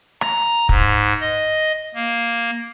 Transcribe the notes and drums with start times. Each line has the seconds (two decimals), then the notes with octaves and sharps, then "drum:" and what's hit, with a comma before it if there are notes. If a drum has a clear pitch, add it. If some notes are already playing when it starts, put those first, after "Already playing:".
0.21 A#5, drum: rim click
0.69 G#2, drum: kick
1.21 D#5
1.95 A#3